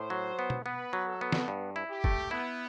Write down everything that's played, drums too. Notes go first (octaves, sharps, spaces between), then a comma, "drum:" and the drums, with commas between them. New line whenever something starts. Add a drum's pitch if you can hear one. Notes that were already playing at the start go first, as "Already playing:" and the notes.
Already playing: A2 C5
F#3
B3
drum: tom
B3 B4
F#3
A4
B3
drum: snare
G2
E4
G4
A3, drum: kick
B3 E4